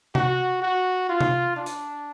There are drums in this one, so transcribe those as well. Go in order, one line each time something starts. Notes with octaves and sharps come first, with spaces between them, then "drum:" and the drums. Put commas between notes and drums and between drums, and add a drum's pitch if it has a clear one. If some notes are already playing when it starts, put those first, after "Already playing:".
F#4, drum: tom C3
F#4
F4
drum: tom C3
D4
drum: hi-hat